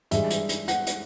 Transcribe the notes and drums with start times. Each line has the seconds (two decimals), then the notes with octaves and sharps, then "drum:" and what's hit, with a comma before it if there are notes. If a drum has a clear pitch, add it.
0.11 G2 E3 G#3 E5, drum: hi-hat
0.30 drum: hi-hat
0.49 drum: hi-hat
0.68 F#5, drum: hi-hat
0.87 drum: hi-hat